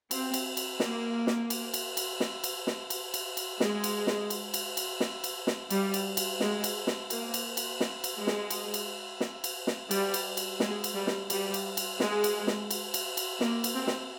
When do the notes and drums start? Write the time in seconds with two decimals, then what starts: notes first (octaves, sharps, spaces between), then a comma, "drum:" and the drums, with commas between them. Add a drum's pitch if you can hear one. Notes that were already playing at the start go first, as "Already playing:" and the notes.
0.11 C4, drum: cymbal
0.34 drum: cymbal
0.57 drum: cymbal
0.80 A#3, drum: snare
1.27 drum: snare
1.50 drum: cymbal
1.74 drum: cymbal
1.97 drum: cymbal
2.20 drum: snare
2.44 drum: cymbal
2.67 drum: snare
2.90 drum: cymbal
3.14 drum: cymbal
3.37 drum: cymbal
3.60 G#3, drum: snare
3.84 drum: cymbal
4.07 drum: snare
4.30 drum: cymbal
4.54 drum: cymbal
4.77 drum: cymbal
5.00 drum: snare
5.24 drum: cymbal
5.47 drum: snare
5.70 G3, drum: cymbal
5.94 drum: cymbal
6.17 drum: cymbal
6.40 G#3, drum: snare
6.64 drum: cymbal
6.87 drum: snare
7.10 A#3, drum: cymbal
7.34 drum: cymbal
7.57 drum: cymbal
7.80 drum: snare
8.04 drum: cymbal
8.16 G#3
8.27 drum: snare
8.50 drum: cymbal
8.74 drum: cymbal
9.20 drum: snare
9.44 drum: cymbal
9.67 drum: snare
9.91 G3, drum: cymbal
10.14 drum: cymbal
10.37 drum: cymbal
10.60 G#3, drum: snare
10.84 drum: cymbal
10.95 G3
11.07 drum: snare
11.30 G3, drum: cymbal
11.54 drum: cymbal
11.77 drum: cymbal
12.00 G#3, drum: snare
12.24 drum: cymbal
12.47 drum: snare
12.71 drum: cymbal
12.94 drum: cymbal
13.17 drum: cymbal
13.40 A#3, drum: snare
13.64 drum: cymbal
13.75 C4
13.87 drum: snare